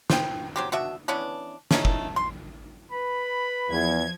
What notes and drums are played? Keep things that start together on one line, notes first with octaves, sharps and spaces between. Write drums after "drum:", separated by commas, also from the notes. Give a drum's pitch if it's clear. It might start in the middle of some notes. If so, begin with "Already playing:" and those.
C5 G5, drum: snare
F#3 C4 G4
B2 D4 F#4 E5
E3 B3 C#4 D4
A3 C#4 D#4, drum: snare
drum: kick
C6
B4 B5
E2 F3 G#6